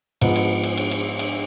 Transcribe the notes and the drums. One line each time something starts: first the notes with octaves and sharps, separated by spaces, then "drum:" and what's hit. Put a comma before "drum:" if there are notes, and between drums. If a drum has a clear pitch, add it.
G#2 F3 B3, drum: cymbal
drum: cymbal
drum: cymbal
drum: cymbal
drum: cymbal
drum: cymbal